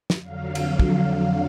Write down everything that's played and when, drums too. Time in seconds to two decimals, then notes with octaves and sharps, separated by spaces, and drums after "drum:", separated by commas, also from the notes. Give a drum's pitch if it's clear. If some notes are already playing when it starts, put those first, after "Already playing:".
0.10 drum: snare
0.22 F2 D3 F#3 F5
0.55 drum: cymbal
0.79 drum: kick